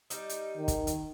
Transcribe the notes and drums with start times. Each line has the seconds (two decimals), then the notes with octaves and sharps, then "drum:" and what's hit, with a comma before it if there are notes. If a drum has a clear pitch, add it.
0.10 G3 D#4, drum: hi-hat
0.29 drum: hi-hat
0.57 D#3
0.68 drum: kick, hi-hat
0.87 drum: hi-hat